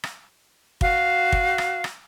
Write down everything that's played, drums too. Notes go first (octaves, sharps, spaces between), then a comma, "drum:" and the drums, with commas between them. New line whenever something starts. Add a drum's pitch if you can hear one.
drum: rim click
F#4 F5, drum: kick
drum: kick
drum: rim click
drum: rim click